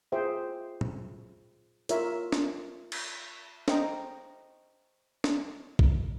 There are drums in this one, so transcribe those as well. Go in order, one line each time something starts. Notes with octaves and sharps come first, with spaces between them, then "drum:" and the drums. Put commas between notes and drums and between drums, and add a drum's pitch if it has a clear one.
F4 G#4 C5 E5 G5
drum: tom A#2
F4 A#4 C#5 E5, drum: hi-hat
drum: snare
drum: cymbal
C5 D#5 G5 A#5, drum: snare
drum: snare
drum: kick A#1